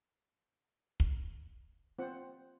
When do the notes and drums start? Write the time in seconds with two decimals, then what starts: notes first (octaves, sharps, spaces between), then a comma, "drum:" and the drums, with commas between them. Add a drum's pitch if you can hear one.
1.00 drum: kick
1.99 C4 F4 C5 F#5